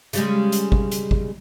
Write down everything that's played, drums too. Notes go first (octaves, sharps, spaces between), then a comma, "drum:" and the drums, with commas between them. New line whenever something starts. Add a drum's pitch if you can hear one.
C#3 G3 G#3, drum: hi-hat
drum: hi-hat
drum: kick G#1
drum: hi-hat
drum: kick G#1